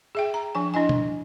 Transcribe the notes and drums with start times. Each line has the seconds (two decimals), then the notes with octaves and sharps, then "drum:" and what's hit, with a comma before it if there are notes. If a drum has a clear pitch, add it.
0.15 G#4 E5 G5
0.34 A#5
0.55 F3 D4 G#5
0.74 D4 E4 D#5 G#5
0.89 drum: tom B2